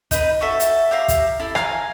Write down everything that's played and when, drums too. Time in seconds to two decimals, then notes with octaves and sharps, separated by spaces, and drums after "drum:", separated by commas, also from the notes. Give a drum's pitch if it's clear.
0.11 D#4 B4, drum: kick, hi-hat
0.41 F#4 A4 E5
0.60 drum: hi-hat
0.91 G4 E5 F5 A#5
1.08 drum: kick, hi-hat
1.40 E4 A4
1.55 F5 G#5 A#5, drum: rim click